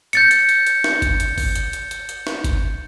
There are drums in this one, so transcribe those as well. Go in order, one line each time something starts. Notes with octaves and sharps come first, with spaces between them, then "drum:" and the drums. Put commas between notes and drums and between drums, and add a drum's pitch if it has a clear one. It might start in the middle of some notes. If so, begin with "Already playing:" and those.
G6 A6 C#7, drum: hi-hat
drum: hi-hat
drum: hi-hat
drum: hi-hat
drum: snare
drum: kick G1, hi-hat
drum: hi-hat
drum: kick G1, open hi-hat
drum: hi-hat
drum: hi-hat
drum: hi-hat
drum: hi-hat
drum: snare
drum: kick G1, hi-hat